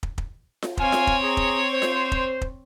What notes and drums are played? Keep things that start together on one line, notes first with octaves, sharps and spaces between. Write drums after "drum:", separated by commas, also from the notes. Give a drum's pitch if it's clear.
drum: kick
drum: kick
drum: snare F4
C4 C#5 F5 G#5, drum: kick
drum: snare F4
drum: kick
G#4 A#5
drum: kick
C5
drum: snare F4
drum: kick
drum: kick